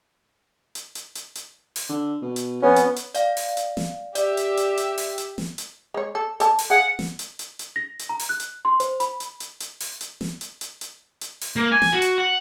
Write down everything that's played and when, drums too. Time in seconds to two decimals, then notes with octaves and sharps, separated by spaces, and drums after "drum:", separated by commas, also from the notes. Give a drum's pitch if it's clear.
0.75 drum: hi-hat
0.95 drum: hi-hat
1.15 drum: hi-hat
1.35 drum: hi-hat
1.76 drum: open hi-hat
1.89 D3
2.22 B2
2.36 drum: hi-hat
2.62 F2 B3 C#4
2.76 drum: hi-hat
2.96 drum: hi-hat
3.15 D5 F5, drum: hi-hat
3.37 drum: open hi-hat
3.57 drum: hi-hat
3.77 drum: snare
4.15 G4 D5 E5, drum: hi-hat
4.37 drum: hi-hat
4.57 drum: hi-hat
4.77 drum: hi-hat
4.98 drum: open hi-hat
5.18 drum: hi-hat
5.38 drum: snare
5.58 drum: hi-hat
5.94 G#3 C#5
6.15 A4
6.40 A4 A5, drum: hi-hat
6.59 drum: open hi-hat
6.70 G#4 F5 F#5
6.99 drum: snare
7.19 drum: hi-hat
7.39 drum: hi-hat
7.59 drum: hi-hat
7.76 A#6
7.99 drum: hi-hat
8.09 A#5
8.19 drum: open hi-hat
8.29 F#6
8.40 drum: hi-hat
8.65 C6
8.80 C5, drum: hi-hat
9.00 B5, drum: hi-hat
9.20 drum: hi-hat
9.40 drum: hi-hat
9.60 drum: hi-hat
9.80 drum: open hi-hat
10.01 drum: hi-hat
10.21 drum: snare
10.41 drum: hi-hat
10.61 drum: hi-hat
10.81 drum: hi-hat
11.21 drum: hi-hat
11.41 drum: open hi-hat
11.56 A#3
11.72 G#5
11.82 drum: snare
11.92 F#4
12.02 drum: hi-hat
12.18 F#5